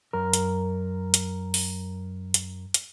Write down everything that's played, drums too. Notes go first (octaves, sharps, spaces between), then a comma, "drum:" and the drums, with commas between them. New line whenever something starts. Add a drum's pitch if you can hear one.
F#2 A#4
drum: hi-hat
drum: hi-hat
drum: open hi-hat
drum: hi-hat
drum: hi-hat